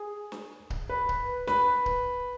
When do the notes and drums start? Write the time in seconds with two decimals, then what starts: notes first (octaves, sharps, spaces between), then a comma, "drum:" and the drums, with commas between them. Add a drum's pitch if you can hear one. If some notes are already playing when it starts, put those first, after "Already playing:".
Already playing: G#4
0.32 drum: snare
0.70 drum: kick C#1
0.89 B4
1.09 drum: kick C#1
1.47 B4, drum: snare
1.86 drum: kick C#1